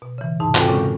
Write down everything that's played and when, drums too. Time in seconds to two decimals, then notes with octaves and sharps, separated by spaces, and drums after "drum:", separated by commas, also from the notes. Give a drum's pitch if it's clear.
0.02 B2
0.18 C#3 E3
0.40 E2 G#2 C3 D#4 A5
0.55 C4 F4 F#4 A4 G5 G#5, drum: clap
0.68 A#2 C#3 G#3 C#4 A4